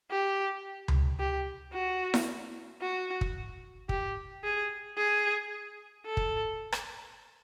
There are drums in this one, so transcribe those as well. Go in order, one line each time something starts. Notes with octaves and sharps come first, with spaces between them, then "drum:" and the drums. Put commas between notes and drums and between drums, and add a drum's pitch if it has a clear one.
G4
drum: tom C#2
G4
F#4
drum: snare E4
F#4
drum: kick
G4, drum: kick
G#4
G#4
A4
drum: kick
drum: rim click